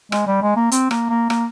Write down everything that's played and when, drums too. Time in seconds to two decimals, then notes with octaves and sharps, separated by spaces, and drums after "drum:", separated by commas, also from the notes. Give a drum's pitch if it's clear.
0.12 G#3, drum: rim click
0.27 G3
0.42 G#3
0.56 A#3
0.72 C4, drum: hi-hat
0.91 A#3, drum: rim click
1.10 A#3
1.30 A#3, drum: rim click